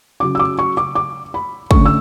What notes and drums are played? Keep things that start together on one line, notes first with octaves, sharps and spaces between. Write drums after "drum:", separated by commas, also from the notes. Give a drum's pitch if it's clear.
C#3 F#3 C#4 D6
E6
D6
C#6
D6
D6
B5
D3 A3 C#4 C#6, drum: kick
E6